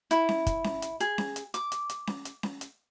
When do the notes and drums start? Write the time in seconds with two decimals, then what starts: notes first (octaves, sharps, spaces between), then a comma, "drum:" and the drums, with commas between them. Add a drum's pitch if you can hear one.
0.11 E4, drum: hi-hat
0.29 drum: snare C#4
0.46 drum: kick, hi-hat
0.64 drum: snare C#4
0.82 drum: hi-hat
1.00 G#4, drum: hi-hat
1.18 drum: snare C#4
1.36 drum: hi-hat
1.54 D6, drum: hi-hat
1.72 drum: hi-hat
1.89 drum: hi-hat
2.07 drum: snare C#4
2.25 drum: hi-hat
2.43 drum: snare C#4
2.61 drum: hi-hat